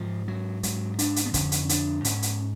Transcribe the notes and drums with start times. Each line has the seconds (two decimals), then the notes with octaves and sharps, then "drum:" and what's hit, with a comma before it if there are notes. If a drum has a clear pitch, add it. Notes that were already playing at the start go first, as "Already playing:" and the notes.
Already playing: G#2 F3
0.28 F#3
0.63 G#2 F#3, drum: hi-hat
0.99 D4, drum: hi-hat
1.16 drum: hi-hat
1.25 B3
1.34 F2 D3 C#4, drum: kick, hi-hat
1.52 drum: hi-hat
1.69 D4, drum: hi-hat
2.05 G#2 C#4, drum: hi-hat
2.22 drum: hi-hat